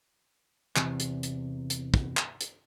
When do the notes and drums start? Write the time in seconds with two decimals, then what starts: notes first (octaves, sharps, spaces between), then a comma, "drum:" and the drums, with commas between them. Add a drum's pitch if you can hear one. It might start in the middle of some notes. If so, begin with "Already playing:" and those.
0.76 E2 C3, drum: clap
1.00 drum: hi-hat
1.23 drum: hi-hat
1.70 drum: hi-hat
1.94 drum: kick
2.17 drum: clap
2.41 drum: hi-hat